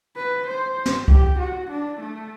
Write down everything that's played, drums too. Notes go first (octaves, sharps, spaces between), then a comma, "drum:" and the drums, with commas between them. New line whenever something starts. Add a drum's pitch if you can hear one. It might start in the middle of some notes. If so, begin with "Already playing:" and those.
B4
C5
drum: snare
G4, drum: kick C2
F#4
D4
A3